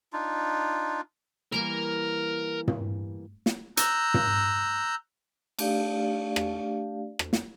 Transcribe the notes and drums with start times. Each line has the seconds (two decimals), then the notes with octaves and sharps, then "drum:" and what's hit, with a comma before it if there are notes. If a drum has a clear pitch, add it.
0.13 D4 D#4 F4
1.52 E3 G3 A#3 A#4
2.68 drum: tom
3.46 drum: snare
3.77 A#5 E6 F#6 G6, drum: hi-hat
4.14 drum: tom
5.59 A3 D4 G4 D5 F5, drum: cymbal
6.36 drum: rim click
7.19 drum: rim click
7.33 drum: snare